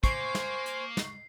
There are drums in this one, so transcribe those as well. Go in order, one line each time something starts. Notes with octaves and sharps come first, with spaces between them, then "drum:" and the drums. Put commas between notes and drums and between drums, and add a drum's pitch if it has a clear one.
A#3 C5 G#5 C#6 C7, drum: kick, hi-hat
drum: snare
drum: hi-hat
drum: snare